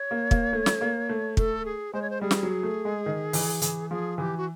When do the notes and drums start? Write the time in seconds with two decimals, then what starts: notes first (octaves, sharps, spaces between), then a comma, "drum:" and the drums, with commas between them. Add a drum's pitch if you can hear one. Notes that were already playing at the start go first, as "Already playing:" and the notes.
Already playing: C#5
0.11 A#3
0.31 A#3, drum: kick
0.53 A3
0.66 drum: snare
0.81 A#3
1.09 A3
1.37 A3 A4, drum: kick
1.65 G#4
1.93 G#3 C5
2.02 C#5
2.10 C5
2.21 G3 G#4
2.31 drum: snare
2.43 F#3
2.63 A3
2.85 G#3
3.06 D#3
3.33 E3, drum: open hi-hat
3.62 E3, drum: hi-hat
3.90 F3 G#4
4.18 E3 G4 G#4
4.37 F#4